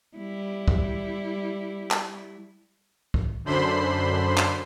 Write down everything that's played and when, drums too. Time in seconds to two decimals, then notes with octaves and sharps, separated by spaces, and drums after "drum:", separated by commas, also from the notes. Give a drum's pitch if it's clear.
0.17 G3 E4
0.68 drum: kick
1.91 drum: clap
3.14 drum: kick
3.45 F#2 D3 C5 B5 C6
4.37 drum: clap